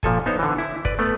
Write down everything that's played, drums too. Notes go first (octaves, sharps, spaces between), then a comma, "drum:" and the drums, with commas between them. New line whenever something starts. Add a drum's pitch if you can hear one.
A#2 F3 A4 G#5, drum: kick
B3 D#4 C5 C#5
D3 E3
E4
B4 D5, drum: kick
A3 B3